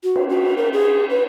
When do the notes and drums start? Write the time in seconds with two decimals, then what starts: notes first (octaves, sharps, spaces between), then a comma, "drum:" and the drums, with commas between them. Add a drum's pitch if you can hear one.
0.04 F#4
0.16 drum: cymbal
0.29 F#4
0.57 A#4
0.73 G#4
1.10 B4